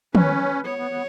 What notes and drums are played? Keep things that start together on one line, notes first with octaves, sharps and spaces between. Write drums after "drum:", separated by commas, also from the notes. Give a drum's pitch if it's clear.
C#4 B4, drum: tom
B3 C#5
B3
B3